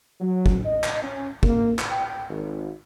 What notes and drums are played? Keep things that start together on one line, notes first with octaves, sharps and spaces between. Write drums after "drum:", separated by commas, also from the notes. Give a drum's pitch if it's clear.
F#3
drum: kick
D#5
drum: clap
C#4
A#3, drum: kick
drum: clap
G5
G#1